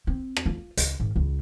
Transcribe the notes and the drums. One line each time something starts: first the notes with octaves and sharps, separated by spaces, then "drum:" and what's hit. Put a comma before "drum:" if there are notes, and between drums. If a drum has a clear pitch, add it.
C4
drum: rim click
F4
C#2, drum: hi-hat
G#1
C#2